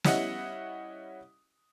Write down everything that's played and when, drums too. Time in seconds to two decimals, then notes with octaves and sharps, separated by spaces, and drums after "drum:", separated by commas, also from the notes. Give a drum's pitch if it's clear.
0.04 G3 C#4 E4 D#5 F#5, drum: snare